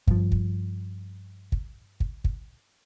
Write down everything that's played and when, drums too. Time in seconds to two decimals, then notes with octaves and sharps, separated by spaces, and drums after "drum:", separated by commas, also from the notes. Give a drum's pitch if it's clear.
0.07 G2 F3, drum: kick
0.32 drum: kick
1.52 drum: kick
2.00 drum: kick
2.24 drum: kick